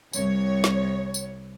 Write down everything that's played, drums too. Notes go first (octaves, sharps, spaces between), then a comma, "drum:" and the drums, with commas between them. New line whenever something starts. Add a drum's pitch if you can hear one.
C2 C#5, drum: tambourine
drum: snare
drum: tambourine